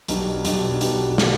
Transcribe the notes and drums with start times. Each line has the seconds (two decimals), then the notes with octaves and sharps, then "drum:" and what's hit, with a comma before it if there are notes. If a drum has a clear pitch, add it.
0.08 B1 B2 G3 D4, drum: hi-hat
0.45 B1 B2 G3 D4, drum: hi-hat
0.81 B1 B2 G3 D4, drum: hi-hat
1.18 B2 G3 D4, drum: snare